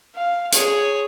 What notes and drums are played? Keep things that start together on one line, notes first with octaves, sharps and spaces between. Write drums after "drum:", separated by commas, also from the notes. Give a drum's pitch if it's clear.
F5
G#4 C#5, drum: hi-hat